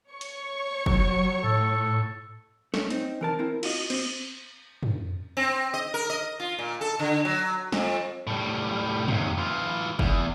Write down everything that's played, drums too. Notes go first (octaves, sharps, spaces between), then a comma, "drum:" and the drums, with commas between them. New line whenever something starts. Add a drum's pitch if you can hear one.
C#5 C#6
drum: hi-hat
F#3, drum: kick
A2 A4
A3 C#4, drum: snare
C4 D#4, drum: hi-hat
E3 A#4 A5
C4 E4 A#4
F4 F#4 D#5, drum: cymbal
C4, drum: cymbal
drum: tom
C4
D#5
A#4
D#5
F4
A#2
A4
D3
F#3
F2, drum: snare
A2 G3
D#2 C3, drum: tom
E3 F4
E2, drum: kick